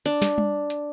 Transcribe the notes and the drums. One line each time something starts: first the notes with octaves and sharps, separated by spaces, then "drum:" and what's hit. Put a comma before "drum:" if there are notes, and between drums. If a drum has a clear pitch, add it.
D4, drum: hi-hat
drum: snare
drum: tom G3
drum: hi-hat